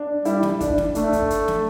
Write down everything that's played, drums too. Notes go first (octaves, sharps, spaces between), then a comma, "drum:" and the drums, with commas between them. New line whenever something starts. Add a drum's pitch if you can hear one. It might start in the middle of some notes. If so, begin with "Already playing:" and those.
Already playing: D4
G3 E4, drum: hi-hat
drum: snare
D4, drum: kick, hi-hat
drum: snare
A3 D4, drum: hi-hat
drum: kick, hi-hat
drum: hi-hat
drum: snare